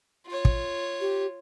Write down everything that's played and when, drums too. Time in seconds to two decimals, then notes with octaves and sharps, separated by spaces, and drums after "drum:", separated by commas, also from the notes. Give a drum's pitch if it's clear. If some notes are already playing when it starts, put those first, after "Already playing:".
0.27 F4 C#5
0.45 drum: kick
1.01 G4